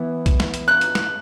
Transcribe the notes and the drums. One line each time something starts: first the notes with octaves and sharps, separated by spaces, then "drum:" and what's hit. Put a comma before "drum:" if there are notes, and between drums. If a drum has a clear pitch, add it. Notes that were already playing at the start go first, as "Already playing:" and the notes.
Already playing: E3 B3 E4
drum: kick, hi-hat
drum: snare
drum: hi-hat
F#6
drum: hi-hat
drum: snare